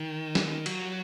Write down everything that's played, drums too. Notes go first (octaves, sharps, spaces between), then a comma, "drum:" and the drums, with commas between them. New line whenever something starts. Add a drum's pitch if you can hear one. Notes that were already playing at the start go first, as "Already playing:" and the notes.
Already playing: D#3
drum: snare
F#3, drum: cymbal